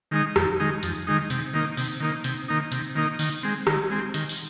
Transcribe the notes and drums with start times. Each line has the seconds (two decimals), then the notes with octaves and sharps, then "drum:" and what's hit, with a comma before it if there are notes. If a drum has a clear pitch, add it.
0.11 D#3 G#3 D#4
0.36 F2, drum: rim click
0.60 D#3 G#3 D#4
0.83 F2, drum: hi-hat
1.07 D#3 G#3 D#4
1.30 C3, drum: hi-hat
1.53 D#3 A#3 D#4
1.77 C3, drum: open hi-hat
2.00 D#3 A#3 D#4
2.24 C3, drum: hi-hat
2.48 D#3 A#3 D#4
2.72 C3, drum: hi-hat
2.95 D#3 A#3 D#4
3.19 D#3, drum: open hi-hat
3.43 G#3 C4
3.67 D#3, drum: rim click
3.90 G#3 C4
4.14 D#3, drum: hi-hat
4.29 drum: open hi-hat